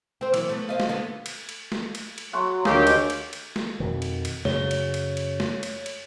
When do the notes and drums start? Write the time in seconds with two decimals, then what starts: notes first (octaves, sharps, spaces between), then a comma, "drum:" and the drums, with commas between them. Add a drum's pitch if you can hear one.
0.21 C4 C5
0.34 E3 F#3 A#3, drum: cymbal
0.49 A3 B3
0.69 C5 D#5 F5
0.80 drum: snare
0.89 D3 A#3 B3
1.26 drum: cymbal
1.49 drum: cymbal
1.72 drum: snare
1.95 drum: cymbal
2.18 drum: cymbal
2.33 F#3 F#5 C6 C#6
2.65 D2 D#3 F#3 G4 G#4 F5, drum: snare
2.87 drum: cymbal
3.10 drum: cymbal
3.33 drum: cymbal
3.56 drum: snare
3.80 F2 B2 D#3
4.02 drum: cymbal
4.25 drum: cymbal
4.45 F#2 C#3 C#5, drum: snare
4.71 drum: cymbal
4.94 drum: cymbal
5.17 drum: cymbal
5.40 drum: snare
5.63 drum: cymbal
5.86 drum: cymbal